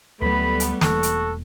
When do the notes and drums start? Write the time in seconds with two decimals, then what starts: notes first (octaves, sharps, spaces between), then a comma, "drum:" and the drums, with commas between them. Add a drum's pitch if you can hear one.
0.22 D2 F#3 G3 A3 B3 B4 B5
0.60 drum: hi-hat
0.81 E1 E3 A#3 F#4 A4, drum: snare
1.03 drum: hi-hat